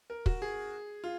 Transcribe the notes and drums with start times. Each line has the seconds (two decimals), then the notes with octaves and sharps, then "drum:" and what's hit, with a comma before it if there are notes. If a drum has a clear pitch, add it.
0.10 A#4
0.26 F#4, drum: kick
0.42 G#4
1.04 F4